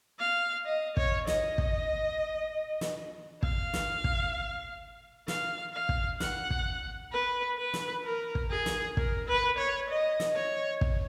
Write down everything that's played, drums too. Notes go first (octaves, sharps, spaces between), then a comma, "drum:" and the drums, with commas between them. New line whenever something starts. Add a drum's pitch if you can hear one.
F5
D#5
C#5, drum: kick
D#5, drum: snare
drum: kick
drum: snare
F5, drum: kick
drum: snare
drum: kick
F5, drum: snare
F5
drum: kick
F#5, drum: snare
drum: kick
B4
B4
drum: snare
A#4
drum: kick
G#4
drum: snare
A#4, drum: kick
B4
C#5
D#5
drum: snare
C#5
drum: kick